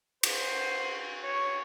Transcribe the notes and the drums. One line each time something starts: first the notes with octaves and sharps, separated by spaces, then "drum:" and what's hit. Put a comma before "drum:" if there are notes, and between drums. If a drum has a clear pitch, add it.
C5, drum: cymbal
C#5